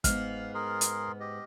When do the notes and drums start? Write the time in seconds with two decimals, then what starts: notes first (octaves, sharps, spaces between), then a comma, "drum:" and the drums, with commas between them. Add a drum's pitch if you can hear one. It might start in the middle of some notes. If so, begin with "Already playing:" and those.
0.04 G#2 B3 F5 F6, drum: kick, hi-hat
0.55 G#4 A#4 C6
0.81 drum: hi-hat
1.20 G4 D#5